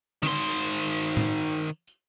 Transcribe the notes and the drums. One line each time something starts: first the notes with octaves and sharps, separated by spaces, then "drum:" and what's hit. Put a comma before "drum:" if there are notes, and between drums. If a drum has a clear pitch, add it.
D#3 C5, drum: tom D3
drum: tambourine
drum: tambourine
drum: tom A2
drum: tambourine
drum: tambourine
drum: tambourine